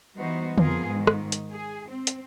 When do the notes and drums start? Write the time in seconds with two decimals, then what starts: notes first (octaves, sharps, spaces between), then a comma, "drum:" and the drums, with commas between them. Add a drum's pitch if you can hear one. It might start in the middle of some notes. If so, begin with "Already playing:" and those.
0.17 E3 G3 B3 D#4 F#4 C5
0.58 F2 F3 B3 F4 G#4 A#4, drum: tom
0.87 G#2 D#3
1.07 drum: rim click
1.32 drum: hi-hat
1.51 G#4
1.89 C4
2.07 drum: hi-hat